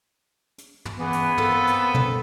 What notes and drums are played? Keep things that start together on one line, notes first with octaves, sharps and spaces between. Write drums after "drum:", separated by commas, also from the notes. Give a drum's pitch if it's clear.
drum: hi-hat
drum: tom
C#2 E3 B3
drum: hi-hat
A#3 C4 A4, drum: tom
drum: hi-hat
drum: tom